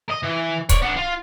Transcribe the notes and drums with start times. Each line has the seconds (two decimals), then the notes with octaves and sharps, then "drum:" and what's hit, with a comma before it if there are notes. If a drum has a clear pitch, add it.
0.09 D#5
0.23 E3
0.69 C#5 D5, drum: kick C#1, hi-hat
0.82 B3 D4
0.96 F4